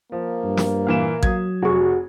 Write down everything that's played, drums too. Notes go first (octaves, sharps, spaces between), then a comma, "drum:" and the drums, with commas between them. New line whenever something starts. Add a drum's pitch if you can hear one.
F3 A#3
G2
drum: snare
A#2 E3 F5 E7
F#3 D#6 G#6, drum: kick A1
F1 F#4 G#4 C#6